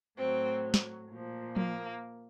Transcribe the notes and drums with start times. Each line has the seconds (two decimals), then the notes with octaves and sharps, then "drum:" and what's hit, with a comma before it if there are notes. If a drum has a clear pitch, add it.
0.18 A2 F#3 C4
0.74 drum: snare
1.10 A#2 F3
1.56 A#3, drum: tom F3